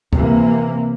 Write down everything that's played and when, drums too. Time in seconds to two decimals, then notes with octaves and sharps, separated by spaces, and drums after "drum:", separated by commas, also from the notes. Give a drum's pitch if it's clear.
0.13 C3 E3 A#3, drum: kick